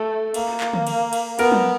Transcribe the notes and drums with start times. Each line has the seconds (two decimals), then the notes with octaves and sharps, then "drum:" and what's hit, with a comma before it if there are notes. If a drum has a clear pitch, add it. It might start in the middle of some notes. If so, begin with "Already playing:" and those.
Already playing: A3 A4
0.34 A#3, drum: cymbal
0.60 drum: clap
0.74 drum: tom
0.87 drum: cymbal
1.13 drum: cymbal
1.39 B3 A#4, drum: cymbal
1.52 drum: tom